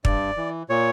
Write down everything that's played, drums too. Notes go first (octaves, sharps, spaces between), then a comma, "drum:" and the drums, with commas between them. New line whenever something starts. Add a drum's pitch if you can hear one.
G2 D5, drum: kick
E3
A#2 C#5